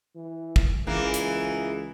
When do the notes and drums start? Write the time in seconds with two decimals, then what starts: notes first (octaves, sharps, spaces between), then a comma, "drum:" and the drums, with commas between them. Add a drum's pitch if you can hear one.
0.16 E3
0.56 drum: kick
0.87 C#2 E3 A#3 G#4
1.14 drum: hi-hat